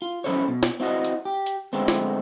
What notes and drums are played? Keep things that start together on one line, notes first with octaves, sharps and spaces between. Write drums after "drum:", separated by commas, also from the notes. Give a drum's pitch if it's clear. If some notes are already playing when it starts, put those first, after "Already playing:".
F4
F#3 C#4 E4 A4 C5 C#5
B2
drum: snare
C4 E4 F#4 D#5
drum: hi-hat
G4
drum: hi-hat
D3 G#3 A3 B3 C4
drum: snare